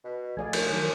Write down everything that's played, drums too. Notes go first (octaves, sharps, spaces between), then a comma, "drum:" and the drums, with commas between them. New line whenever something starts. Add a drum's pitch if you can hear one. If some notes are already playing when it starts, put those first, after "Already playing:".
B2
F3 A3 G#4 D5 F5 G#5
C#5, drum: cymbal
D#3 F#3